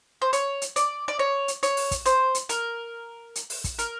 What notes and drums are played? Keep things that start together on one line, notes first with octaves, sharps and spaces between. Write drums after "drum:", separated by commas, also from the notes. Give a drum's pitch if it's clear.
C5
C#5, drum: hi-hat
drum: hi-hat
D5, drum: hi-hat
D5
C#5
drum: hi-hat
C#5, drum: hi-hat
drum: open hi-hat
drum: kick, hi-hat
C5, drum: hi-hat
drum: hi-hat
A#4, drum: hi-hat
drum: hi-hat
drum: open hi-hat
drum: kick, hi-hat
A#4, drum: hi-hat